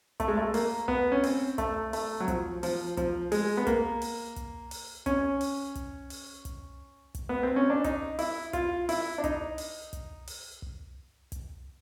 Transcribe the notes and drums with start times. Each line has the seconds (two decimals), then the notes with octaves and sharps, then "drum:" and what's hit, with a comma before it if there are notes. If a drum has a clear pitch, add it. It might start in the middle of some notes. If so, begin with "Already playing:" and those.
0.20 A3, drum: kick, hi-hat
0.28 G#3
0.37 A3
0.54 A#3, drum: open hi-hat
0.88 B3, drum: kick
1.12 C#4
1.24 C4, drum: open hi-hat
1.58 A3, drum: kick, hi-hat
1.93 A3, drum: open hi-hat
2.20 F#3
2.28 F3, drum: kick, hi-hat
2.63 F3, drum: open hi-hat
2.97 F3, drum: kick, hi-hat
3.32 G#3, drum: open hi-hat
3.57 B3
3.67 A#3, drum: kick, hi-hat
4.02 drum: open hi-hat
4.36 drum: kick, hi-hat
4.71 drum: open hi-hat
5.06 C#4, drum: kick, hi-hat
5.41 drum: open hi-hat
5.75 drum: kick, hi-hat
6.10 drum: open hi-hat
6.45 drum: kick, hi-hat
7.15 drum: kick, hi-hat
7.29 B3
7.43 C4
7.56 C#4
7.70 D4
7.84 D#4, drum: kick, hi-hat
8.19 E4, drum: open hi-hat
8.53 F4, drum: kick, hi-hat
8.89 E4, drum: open hi-hat
9.18 D4
9.24 D#4, drum: kick, hi-hat
9.58 drum: open hi-hat
9.93 drum: kick, hi-hat
10.27 drum: open hi-hat
10.62 drum: kick
11.32 drum: kick, hi-hat